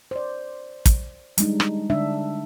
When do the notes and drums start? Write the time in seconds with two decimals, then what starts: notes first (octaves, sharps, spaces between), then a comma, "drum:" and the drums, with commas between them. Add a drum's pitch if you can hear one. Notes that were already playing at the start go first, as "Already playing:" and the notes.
0.11 C5 D5
0.86 drum: kick, hi-hat
1.38 G3 G#3 D4 D#4, drum: hi-hat
1.60 drum: rim click
1.90 D3 G#3 D4 E5